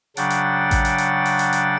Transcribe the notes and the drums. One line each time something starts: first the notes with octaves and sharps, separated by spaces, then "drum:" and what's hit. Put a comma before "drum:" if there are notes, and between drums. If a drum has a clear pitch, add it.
C#3 F#3 D4 F#5 G5 A6, drum: hi-hat
drum: hi-hat
drum: kick A1, hi-hat
drum: hi-hat
drum: hi-hat
drum: open hi-hat
drum: hi-hat
drum: hi-hat